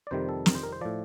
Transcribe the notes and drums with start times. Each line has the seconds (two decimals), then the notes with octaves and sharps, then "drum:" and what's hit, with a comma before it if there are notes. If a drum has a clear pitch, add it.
0.07 D5
0.11 F2 C3 D#3 G3 C5
0.29 A4
0.46 A#4, drum: snare
0.55 C5
0.63 A#4
0.72 C5
0.81 A2 F3 D5